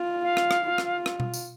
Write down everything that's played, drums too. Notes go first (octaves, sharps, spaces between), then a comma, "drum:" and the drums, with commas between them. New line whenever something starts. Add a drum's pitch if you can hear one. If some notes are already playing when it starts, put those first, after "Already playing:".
Already playing: F4
F5
drum: rim click
drum: rim click
F4
drum: rim click
drum: rim click
drum: tom B2
drum: tambourine